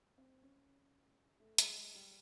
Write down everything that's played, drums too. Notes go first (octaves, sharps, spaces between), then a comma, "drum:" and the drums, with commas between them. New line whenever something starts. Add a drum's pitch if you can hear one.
C4
C#4
A3
G#3, drum: hi-hat
G#3
G3